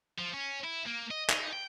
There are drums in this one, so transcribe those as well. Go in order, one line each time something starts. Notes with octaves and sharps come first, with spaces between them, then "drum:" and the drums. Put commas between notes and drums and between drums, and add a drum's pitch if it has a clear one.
F3
C#4
E4
A#3
D#5
D#4, drum: clap
G5